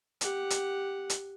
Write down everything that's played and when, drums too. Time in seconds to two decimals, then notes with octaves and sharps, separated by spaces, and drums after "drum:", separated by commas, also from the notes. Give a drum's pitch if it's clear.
0.21 G4 F#5, drum: hi-hat
0.50 drum: hi-hat
1.10 drum: hi-hat